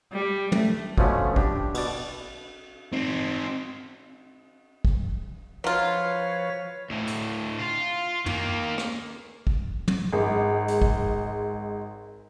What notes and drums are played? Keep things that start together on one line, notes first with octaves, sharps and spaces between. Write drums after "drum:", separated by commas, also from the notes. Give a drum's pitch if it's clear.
G3
A3, drum: tom
B2 D3 F3 A3 C#4, drum: kick
D4 G4, drum: kick
B2 D5, drum: cymbal
C4 D#4
drum: kick
F3 F#3 F4 B4 C#5 F5
D2 A2
drum: hi-hat
F4
D#3 A#3, drum: tom
drum: rim click
drum: kick
drum: tom
G#1 G#3
drum: hi-hat
drum: kick